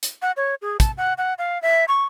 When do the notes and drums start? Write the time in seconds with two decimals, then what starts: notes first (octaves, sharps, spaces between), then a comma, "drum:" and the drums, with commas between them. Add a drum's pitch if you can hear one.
0.03 drum: hi-hat
0.22 F#5
0.37 C#5
0.62 G#4
0.80 A5, drum: kick, hi-hat
0.98 F#5
1.18 F#5
1.38 F5
1.62 E5
1.88 C#6